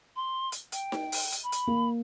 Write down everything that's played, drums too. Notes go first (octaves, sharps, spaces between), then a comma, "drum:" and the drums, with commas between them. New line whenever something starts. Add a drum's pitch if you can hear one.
C6
drum: hi-hat
G5, drum: hi-hat
drum: snare D#4
drum: open hi-hat
drum: hi-hat
B5
drum: hi-hat
A#3